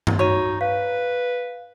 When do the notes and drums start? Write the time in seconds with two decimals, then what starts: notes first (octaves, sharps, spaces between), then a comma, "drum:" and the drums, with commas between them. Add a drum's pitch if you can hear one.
0.07 drum: tom G2
0.19 D#4 F#4 C#5 D#7
0.61 B4 F5